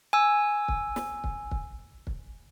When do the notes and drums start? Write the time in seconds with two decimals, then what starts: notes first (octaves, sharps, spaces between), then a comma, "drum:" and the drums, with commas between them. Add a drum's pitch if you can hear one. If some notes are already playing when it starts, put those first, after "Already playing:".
0.13 G#5 E6
0.68 drum: kick
0.96 drum: snare
1.24 drum: kick
1.51 drum: kick
2.07 drum: kick